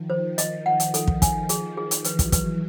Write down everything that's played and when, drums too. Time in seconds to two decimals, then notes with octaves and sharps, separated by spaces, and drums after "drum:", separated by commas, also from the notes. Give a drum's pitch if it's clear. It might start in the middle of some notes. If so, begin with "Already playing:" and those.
Already playing: D#3 F3
0.10 C5
0.38 D#5, drum: hi-hat
0.66 F#5
0.80 drum: hi-hat
0.94 A4, drum: hi-hat
1.07 drum: kick
1.22 G#5, drum: kick, hi-hat
1.49 D#3 F3 G#4, drum: hi-hat
1.77 G#4
1.91 drum: hi-hat
2.04 E3 F#3 B4, drum: hi-hat
2.19 drum: kick, hi-hat
2.32 B4, drum: kick, hi-hat